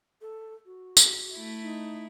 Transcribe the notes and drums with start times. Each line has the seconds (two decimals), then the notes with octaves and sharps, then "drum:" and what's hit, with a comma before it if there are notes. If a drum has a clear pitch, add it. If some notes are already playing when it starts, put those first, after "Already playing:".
0.21 A4
0.65 F#4
0.97 drum: tambourine
1.33 A3 E4
1.63 D#4